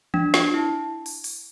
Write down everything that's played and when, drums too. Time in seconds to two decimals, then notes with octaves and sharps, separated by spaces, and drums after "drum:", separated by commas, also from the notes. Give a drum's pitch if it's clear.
0.14 D4, drum: tom E3
0.34 D4, drum: snare
0.54 E4
1.06 drum: open hi-hat
1.24 drum: open hi-hat